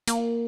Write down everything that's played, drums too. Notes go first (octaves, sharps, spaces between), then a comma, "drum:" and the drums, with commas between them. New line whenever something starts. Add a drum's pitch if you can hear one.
A#3, drum: hi-hat